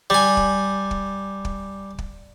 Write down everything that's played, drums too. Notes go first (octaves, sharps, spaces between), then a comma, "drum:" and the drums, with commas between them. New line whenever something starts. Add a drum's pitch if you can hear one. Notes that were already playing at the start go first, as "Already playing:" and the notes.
G3 G#5
drum: kick
drum: kick
drum: kick
drum: kick